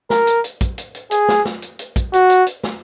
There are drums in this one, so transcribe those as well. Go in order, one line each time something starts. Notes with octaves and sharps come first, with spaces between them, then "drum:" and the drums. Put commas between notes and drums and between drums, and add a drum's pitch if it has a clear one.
A#4, drum: snare
drum: hi-hat
drum: hi-hat
drum: kick, hi-hat
drum: hi-hat
drum: hi-hat
G#4, drum: hi-hat
drum: snare
drum: snare
drum: hi-hat
drum: hi-hat
drum: kick, hi-hat
F#4, drum: hi-hat
drum: hi-hat
drum: hi-hat
drum: snare